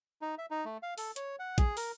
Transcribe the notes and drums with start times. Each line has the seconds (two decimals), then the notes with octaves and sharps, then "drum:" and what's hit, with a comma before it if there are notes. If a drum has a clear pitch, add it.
0.21 D#4
0.38 E5
0.50 D#4
0.65 A3
0.83 F5
0.98 A4, drum: open hi-hat
1.16 C#5, drum: hi-hat
1.39 F#5
1.58 G#4, drum: kick, hi-hat
1.77 A#4, drum: open hi-hat